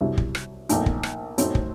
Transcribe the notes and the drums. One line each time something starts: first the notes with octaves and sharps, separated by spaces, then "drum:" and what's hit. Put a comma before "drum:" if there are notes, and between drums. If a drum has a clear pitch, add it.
C2 C3 F#3
drum: kick
drum: rim click
A#1 A#2 A3 D#4, drum: hi-hat
drum: kick
drum: rim click
A2 F#3 A3 C4 D#4, drum: hi-hat
drum: kick